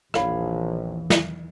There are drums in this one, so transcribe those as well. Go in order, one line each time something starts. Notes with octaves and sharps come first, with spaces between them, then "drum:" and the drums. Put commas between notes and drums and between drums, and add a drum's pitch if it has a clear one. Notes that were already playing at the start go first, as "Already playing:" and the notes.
A#1 E2 D#3 E3 C#5 F5 B5, drum: rim click
drum: snare